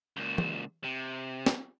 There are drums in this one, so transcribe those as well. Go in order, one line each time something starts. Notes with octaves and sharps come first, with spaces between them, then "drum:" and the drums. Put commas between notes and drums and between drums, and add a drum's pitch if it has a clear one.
C#2 A#2
drum: tom
C3
drum: snare